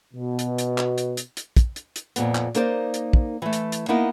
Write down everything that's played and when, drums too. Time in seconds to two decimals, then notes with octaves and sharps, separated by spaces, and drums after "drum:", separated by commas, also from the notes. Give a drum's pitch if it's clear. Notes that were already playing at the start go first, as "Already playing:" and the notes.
0.14 B2
0.39 drum: hi-hat
0.58 drum: hi-hat
0.78 drum: clap
0.98 drum: hi-hat
1.17 drum: hi-hat
1.37 drum: hi-hat
1.57 drum: kick, hi-hat
1.76 drum: hi-hat
1.96 drum: hi-hat
2.16 F2 A#2 B3, drum: hi-hat
2.35 drum: clap
2.55 A#3 D#4 A#4 C5 D5, drum: hi-hat
2.94 drum: hi-hat
3.13 drum: kick
3.42 E3 A3
3.53 drum: hi-hat
3.72 drum: hi-hat
3.88 A#3 B3 D#4 E4 A#4 D#5